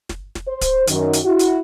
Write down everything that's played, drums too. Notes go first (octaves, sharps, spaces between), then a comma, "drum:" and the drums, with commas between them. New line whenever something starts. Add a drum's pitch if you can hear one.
drum: snare
drum: snare
C5
drum: kick, hi-hat
F#2 D#3, drum: hi-hat
drum: hi-hat
E4 F#4
drum: hi-hat